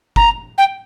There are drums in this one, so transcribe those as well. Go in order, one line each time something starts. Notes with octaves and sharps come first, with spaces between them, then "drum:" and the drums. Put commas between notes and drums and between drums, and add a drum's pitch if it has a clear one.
A#5, drum: kick
G5